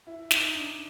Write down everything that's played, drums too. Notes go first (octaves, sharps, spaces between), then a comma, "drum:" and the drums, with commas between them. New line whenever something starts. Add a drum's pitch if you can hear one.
E4
D#4, drum: snare
D4